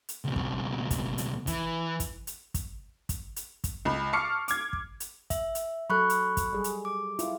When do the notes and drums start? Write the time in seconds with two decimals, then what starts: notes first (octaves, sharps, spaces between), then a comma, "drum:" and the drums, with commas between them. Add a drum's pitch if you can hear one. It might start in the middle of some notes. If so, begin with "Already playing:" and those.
0.09 drum: hi-hat
0.25 C#2 B2
0.36 drum: kick
0.90 drum: kick, hi-hat
1.18 drum: hi-hat
1.47 E3, drum: kick, hi-hat
2.00 drum: kick, hi-hat
2.27 drum: hi-hat
2.54 drum: kick, hi-hat
3.09 drum: kick, hi-hat
3.36 drum: hi-hat
3.64 drum: kick, hi-hat
3.85 C#2 B5
4.13 A5 C#6 D6 F6 C7 C#7
4.48 D6 G#6, drum: hi-hat
4.73 drum: kick
5.00 drum: hi-hat
5.30 E5, drum: kick, hi-hat
5.55 drum: hi-hat
5.90 F#3 A4 B5 C#6 F#6
6.10 drum: hi-hat
6.37 drum: kick, hi-hat
6.53 G3 G#4
6.64 drum: hi-hat
6.85 D6
7.19 E4 F4, drum: hi-hat